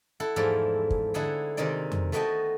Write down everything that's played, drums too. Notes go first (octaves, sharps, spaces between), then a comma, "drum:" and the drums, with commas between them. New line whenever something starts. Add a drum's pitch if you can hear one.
E4 A4 F#5
E2 G#2 F3 A3 E4 D5
drum: kick
D3 D#4 E4 G#4 F#5 A5
C3 D#3 G#3 D#4 D5
drum: tom F2
A3 B3 F#4 D#5 G5 A5